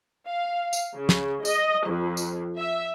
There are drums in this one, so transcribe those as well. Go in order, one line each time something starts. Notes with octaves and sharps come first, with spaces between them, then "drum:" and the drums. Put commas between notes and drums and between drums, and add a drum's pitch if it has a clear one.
F5
drum: tambourine
C#3
drum: snare
D#5, drum: tambourine
F2
drum: tambourine
E5